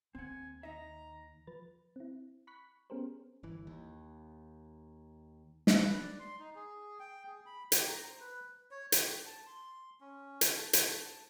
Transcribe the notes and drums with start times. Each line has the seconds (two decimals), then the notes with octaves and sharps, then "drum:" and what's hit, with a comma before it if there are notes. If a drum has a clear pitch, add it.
0.15 D#2 C4 F#5 G#5
0.63 D#4 D#5 E5 A#5
1.47 F3 B4 A6
1.96 C4 E4
2.47 B5 C#6 F#6 B6
2.90 B3 C#4 G4 G#4 A#4 C5
3.43 G1 E3
3.67 D#2
5.67 drum: snare
5.82 B4
6.01 D5
6.20 C6
6.39 D#4
6.55 G#4
7.00 G5
7.27 G#4
7.46 B5
7.72 G4, drum: hi-hat
7.88 A#5
8.06 C5
8.20 B4
8.71 C#5
8.92 G4, drum: hi-hat
9.26 A5
9.47 C6
10.01 C#4
10.41 drum: hi-hat
10.57 A5
10.73 drum: hi-hat